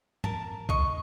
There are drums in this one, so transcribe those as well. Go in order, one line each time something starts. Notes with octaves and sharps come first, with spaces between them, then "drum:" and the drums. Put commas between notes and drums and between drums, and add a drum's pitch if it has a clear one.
A#4 A5, drum: tom
D#5 C#6, drum: kick C2